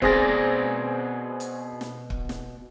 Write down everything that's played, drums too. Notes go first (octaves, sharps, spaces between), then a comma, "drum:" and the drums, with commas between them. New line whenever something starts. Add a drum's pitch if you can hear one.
B2 C4 G#4 D5 A#6, drum: kick
drum: hi-hat
drum: snare
drum: kick
drum: snare